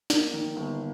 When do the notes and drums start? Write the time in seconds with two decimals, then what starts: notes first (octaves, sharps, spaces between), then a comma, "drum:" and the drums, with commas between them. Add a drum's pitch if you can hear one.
0.10 A#3, drum: snare
0.33 D#3
0.56 G1